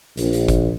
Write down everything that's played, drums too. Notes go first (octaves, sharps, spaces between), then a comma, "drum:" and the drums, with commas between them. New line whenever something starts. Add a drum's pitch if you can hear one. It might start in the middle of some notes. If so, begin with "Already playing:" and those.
A#1, drum: hi-hat
drum: hi-hat
drum: kick G1, hi-hat